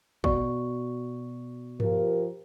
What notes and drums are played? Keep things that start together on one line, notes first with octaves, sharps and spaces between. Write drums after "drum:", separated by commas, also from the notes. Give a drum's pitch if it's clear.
B2 F#4 D5 C#6, drum: kick
F3 G4 A#4, drum: tom G2